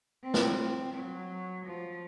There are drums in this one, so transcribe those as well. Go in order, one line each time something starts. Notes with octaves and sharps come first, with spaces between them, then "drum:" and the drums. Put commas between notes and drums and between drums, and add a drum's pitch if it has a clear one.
C4
drum: snare
F#3
F3